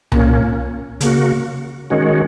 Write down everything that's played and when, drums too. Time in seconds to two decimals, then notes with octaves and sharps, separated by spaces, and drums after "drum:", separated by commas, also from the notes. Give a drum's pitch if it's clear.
0.12 A#2 A#3 C#4, drum: tom C2
1.01 C#3 A#3 F#4, drum: hi-hat
1.90 D#3 G#3 C#4 F#4